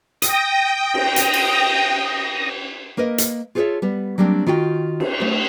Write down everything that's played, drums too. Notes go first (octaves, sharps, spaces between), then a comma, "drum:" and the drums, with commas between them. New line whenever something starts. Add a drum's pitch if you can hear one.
G5 D#6 A#6, drum: hi-hat
drum: cymbal
drum: hi-hat
drum: cymbal
A#3 A#4 B4 D#5
drum: hi-hat
F4 G#4 A4 B4 C#5 E5
G3 B3
F#3 G3 A#3 C4 D4
D#3 F4 F#4 G5
drum: cymbal
A3 C5